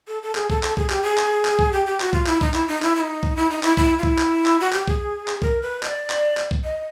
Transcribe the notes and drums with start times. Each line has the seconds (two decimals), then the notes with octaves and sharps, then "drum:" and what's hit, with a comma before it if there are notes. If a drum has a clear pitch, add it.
0.08 A4
0.23 A4
0.35 G#4, drum: clap
0.50 A4, drum: kick
0.63 A4, drum: clap
0.77 G#4, drum: kick
0.90 G4, drum: clap
1.03 G#4
1.18 drum: clap
1.45 drum: clap
1.59 drum: kick
1.73 G4
1.86 G4
2.00 F#4, drum: clap
2.13 F4, drum: kick
2.27 E4, drum: clap
2.41 D#4, drum: kick
2.54 E4, drum: clap
2.68 D#4
2.82 E4, drum: clap
2.96 E4
3.00 D#4
3.23 drum: kick
3.37 E4
3.50 D#4
3.63 E4, drum: clap
3.77 E4, drum: kick
3.99 F4
4.03 E4, drum: kick
4.19 drum: clap
4.46 drum: clap
4.60 F#4
4.73 G4, drum: clap
4.88 G#4, drum: kick
5.28 drum: clap
5.42 A#4, drum: kick
5.62 B4
5.83 D#5, drum: clap
5.88 D5
6.10 drum: clap
6.37 drum: clap
6.51 drum: kick
6.64 D#5